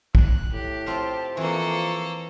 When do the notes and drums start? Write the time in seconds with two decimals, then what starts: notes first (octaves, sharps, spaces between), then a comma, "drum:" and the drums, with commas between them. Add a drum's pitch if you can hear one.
0.15 F#6, drum: kick
0.52 A2 G4
0.86 C4 F4 F5 A5
1.37 F2 E3 A#3 A4 C#6